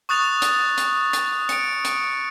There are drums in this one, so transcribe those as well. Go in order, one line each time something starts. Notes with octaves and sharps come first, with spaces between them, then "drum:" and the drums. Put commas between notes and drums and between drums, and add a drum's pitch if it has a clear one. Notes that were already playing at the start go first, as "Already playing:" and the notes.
C#6 D#6 F#6 A6 F7
drum: hi-hat
drum: hi-hat
drum: hi-hat
C#7 D7, drum: hi-hat
drum: hi-hat